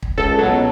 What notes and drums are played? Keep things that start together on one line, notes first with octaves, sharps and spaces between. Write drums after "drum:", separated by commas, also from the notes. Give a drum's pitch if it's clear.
drum: kick
C#2 A4
B2 F#3